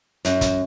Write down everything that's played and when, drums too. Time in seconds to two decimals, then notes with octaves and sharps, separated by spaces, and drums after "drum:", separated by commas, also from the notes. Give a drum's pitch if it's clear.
0.25 F#2, drum: hi-hat
0.41 drum: kick, hi-hat